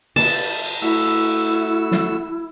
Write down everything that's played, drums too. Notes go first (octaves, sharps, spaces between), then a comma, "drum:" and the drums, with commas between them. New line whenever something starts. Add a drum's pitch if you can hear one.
A5, drum: cymbal
A3 E4 F#4 E6
drum: snare